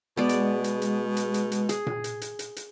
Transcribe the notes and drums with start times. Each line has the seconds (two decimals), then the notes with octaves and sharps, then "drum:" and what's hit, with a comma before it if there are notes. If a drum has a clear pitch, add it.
0.17 B2 G#3 B3 D5
0.29 drum: hi-hat
0.64 drum: hi-hat
0.82 drum: hi-hat
1.17 drum: hi-hat
1.34 drum: hi-hat
1.52 drum: hi-hat
1.69 G#4, drum: hi-hat
1.87 drum: tom A#2
2.04 drum: hi-hat
2.21 drum: hi-hat
2.39 drum: hi-hat
2.56 drum: hi-hat